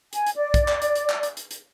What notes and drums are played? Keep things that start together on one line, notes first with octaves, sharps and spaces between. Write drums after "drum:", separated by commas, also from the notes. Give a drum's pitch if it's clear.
G#5, drum: hi-hat
drum: hi-hat
D5
drum: kick, hi-hat
drum: clap
drum: hi-hat
drum: hi-hat
drum: clap
drum: hi-hat
drum: hi-hat
drum: hi-hat